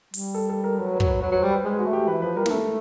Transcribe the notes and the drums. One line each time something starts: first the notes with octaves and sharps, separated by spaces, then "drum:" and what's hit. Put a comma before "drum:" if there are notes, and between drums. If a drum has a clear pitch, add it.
G3, drum: open hi-hat
A4
A4
A#4
F#3 B4
B4
F#3, drum: kick
B4
F#3 B4
F#3 C5
G3
B4
G#3 B4
F#4
A3
G4
E3 B4
F3 B4
G3 A#4
A#3, drum: snare
A3 A4